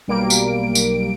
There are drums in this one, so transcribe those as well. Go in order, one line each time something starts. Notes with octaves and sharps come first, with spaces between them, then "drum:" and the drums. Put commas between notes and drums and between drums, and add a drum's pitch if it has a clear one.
B1 G3 A#3 D7
drum: tambourine
drum: tambourine